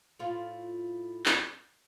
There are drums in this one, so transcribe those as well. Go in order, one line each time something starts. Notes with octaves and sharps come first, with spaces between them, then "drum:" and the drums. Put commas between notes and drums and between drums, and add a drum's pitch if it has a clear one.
A2 F4
drum: clap